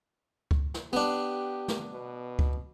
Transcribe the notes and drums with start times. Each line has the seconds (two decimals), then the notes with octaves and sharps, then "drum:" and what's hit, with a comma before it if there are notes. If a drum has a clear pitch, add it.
0.51 drum: kick C#2
0.74 drum: snare
0.93 B3 D4 G4
1.68 drum: snare
1.92 B2
2.39 drum: kick C#2